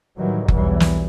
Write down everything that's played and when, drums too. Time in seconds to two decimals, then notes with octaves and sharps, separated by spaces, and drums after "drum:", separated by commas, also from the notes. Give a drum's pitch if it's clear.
0.17 A2 D#3 E3 F#3 G3
0.48 B1 E2 E3 F#3 G3, drum: kick F#1
0.80 drum: snare